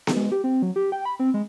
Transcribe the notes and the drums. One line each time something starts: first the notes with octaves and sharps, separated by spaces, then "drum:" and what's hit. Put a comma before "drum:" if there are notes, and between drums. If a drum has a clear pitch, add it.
drum: snare B3
G#3
G4
C4
F#3
G4
G5
B5
C4
G#3